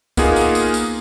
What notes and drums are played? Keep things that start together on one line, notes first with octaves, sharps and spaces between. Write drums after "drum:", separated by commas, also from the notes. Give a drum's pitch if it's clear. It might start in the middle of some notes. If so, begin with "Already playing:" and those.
A#3 B3 D#4 F4 G#4, drum: kick, tambourine
drum: tambourine
drum: tambourine
drum: tambourine